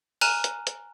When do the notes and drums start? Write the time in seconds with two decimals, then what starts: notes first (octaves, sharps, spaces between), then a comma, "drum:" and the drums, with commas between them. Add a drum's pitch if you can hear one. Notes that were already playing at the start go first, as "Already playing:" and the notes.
0.21 G#5 A#5 F6 F#6 D#7 E7, drum: open hi-hat
0.44 drum: hi-hat
0.67 drum: hi-hat